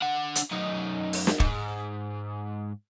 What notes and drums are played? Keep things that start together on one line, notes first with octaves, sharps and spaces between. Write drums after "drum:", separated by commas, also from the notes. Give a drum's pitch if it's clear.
D4 F#5
drum: hi-hat
F#2 D#4
drum: open hi-hat
drum: snare
G#2, drum: kick